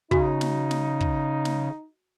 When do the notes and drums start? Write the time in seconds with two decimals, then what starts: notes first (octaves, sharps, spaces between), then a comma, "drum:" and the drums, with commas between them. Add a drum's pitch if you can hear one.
0.11 C#3 D#4 F#4, drum: kick
0.41 drum: snare
0.71 drum: snare
1.00 drum: kick
1.45 drum: snare